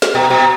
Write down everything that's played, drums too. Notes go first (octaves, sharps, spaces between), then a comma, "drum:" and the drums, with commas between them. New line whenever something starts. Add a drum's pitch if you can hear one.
drum: snare
B2
B2